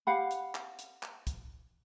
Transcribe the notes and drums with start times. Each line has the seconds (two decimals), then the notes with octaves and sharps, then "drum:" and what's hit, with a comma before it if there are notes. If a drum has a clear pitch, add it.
0.07 G4 F5 F#5 B5
0.31 drum: hi-hat
0.55 drum: clap
0.79 drum: hi-hat
1.03 drum: clap
1.27 drum: kick, hi-hat